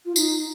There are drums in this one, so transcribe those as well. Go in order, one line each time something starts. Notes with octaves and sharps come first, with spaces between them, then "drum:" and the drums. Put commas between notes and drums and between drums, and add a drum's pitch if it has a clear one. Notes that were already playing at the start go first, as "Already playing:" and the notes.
F4
D#4, drum: tambourine